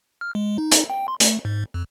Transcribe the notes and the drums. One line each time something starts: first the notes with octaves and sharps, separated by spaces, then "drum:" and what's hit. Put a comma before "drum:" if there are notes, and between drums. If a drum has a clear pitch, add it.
F6
G#3
D#4
drum: hi-hat
G5
C6
A3, drum: hi-hat
G#2
F2